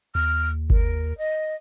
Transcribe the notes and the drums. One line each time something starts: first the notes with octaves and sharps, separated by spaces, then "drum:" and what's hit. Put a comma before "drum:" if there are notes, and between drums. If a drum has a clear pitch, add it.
D#2 F6
A#4, drum: kick G1
D#5